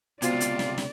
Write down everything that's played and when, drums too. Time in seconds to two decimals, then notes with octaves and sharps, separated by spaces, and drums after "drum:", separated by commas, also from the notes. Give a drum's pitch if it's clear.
0.22 C#2 C3 B3 F4 F#4 C5 D5, drum: hi-hat
0.40 drum: hi-hat
0.59 drum: snare
0.78 drum: snare